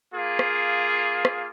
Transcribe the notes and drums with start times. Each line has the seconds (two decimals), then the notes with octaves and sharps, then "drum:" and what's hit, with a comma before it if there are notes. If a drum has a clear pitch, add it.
0.11 A#3 F4 G#4
0.39 drum: rim click
1.25 drum: rim click